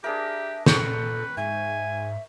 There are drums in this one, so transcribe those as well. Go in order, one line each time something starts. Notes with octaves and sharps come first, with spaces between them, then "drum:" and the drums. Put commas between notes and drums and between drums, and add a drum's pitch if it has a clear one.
D4 G4 G#4 A#4 E5
A#2 A4 B4 G5 C#6, drum: snare
G#2 E5 G#5